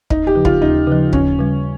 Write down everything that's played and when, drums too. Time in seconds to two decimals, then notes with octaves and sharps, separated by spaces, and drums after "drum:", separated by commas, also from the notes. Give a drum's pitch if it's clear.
0.10 D#2 D#4, drum: kick
0.27 G4
0.35 C#3 F3
0.45 F4, drum: kick
0.62 D#2 D#4
0.87 C#3 F3
1.13 D#2 C#4, drum: kick
1.39 C#3 G3